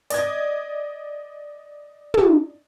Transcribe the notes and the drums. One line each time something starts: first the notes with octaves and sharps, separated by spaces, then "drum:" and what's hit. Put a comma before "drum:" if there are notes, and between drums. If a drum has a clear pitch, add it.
D5 D#5 G#6, drum: hi-hat
drum: tom